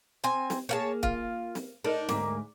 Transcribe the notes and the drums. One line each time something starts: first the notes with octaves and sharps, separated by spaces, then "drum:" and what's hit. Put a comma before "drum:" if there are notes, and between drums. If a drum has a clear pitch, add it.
C4 G#5
drum: snare
A#3 G#4 C#5 F5 A5
F4, drum: kick
drum: snare
D4 D#4 A4 A#4
D2 G#2 A#3, drum: snare